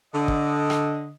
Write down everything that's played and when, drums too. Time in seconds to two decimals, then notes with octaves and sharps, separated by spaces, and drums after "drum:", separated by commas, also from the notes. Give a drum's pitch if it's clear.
0.14 D3 D#5
0.28 drum: kick
0.70 drum: rim click